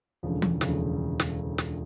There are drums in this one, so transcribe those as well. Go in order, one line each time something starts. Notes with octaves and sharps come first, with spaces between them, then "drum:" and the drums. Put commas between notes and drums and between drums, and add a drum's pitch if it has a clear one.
E1 D2 C#3 F3
drum: tom
E1 D2 C#3 F3, drum: snare
drum: snare
drum: snare